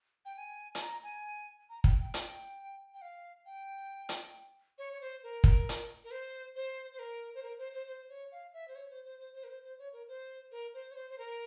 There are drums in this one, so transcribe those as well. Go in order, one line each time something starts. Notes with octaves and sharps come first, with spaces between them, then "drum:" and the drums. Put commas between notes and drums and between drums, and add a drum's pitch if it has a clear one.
G5
G#5
G#5, drum: hi-hat
A#5
G#5
A#5
G5, drum: kick
G5
G5, drum: hi-hat
G5
F5
G5
drum: hi-hat
C#5
C#5
C5
A#4
drum: kick
drum: hi-hat
A#4
C5
C5
C5
A#4
C5
A#4
C5
C5
C5
C#5
F5
E5
C5
C#5
C5
C5
C5
C5
A#4
C5
C5
C#5
A#4
C5
A#4
C5
C#5
C5
C5
A#4